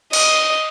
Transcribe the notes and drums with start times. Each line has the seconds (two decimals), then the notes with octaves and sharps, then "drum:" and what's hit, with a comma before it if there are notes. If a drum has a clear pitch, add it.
0.13 D#5, drum: cymbal